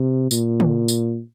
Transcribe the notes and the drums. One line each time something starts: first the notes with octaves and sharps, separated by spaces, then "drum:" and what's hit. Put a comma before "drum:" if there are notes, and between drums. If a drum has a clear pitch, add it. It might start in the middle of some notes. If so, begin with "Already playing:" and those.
Already playing: C3
A#2, drum: tambourine
drum: tom
drum: tambourine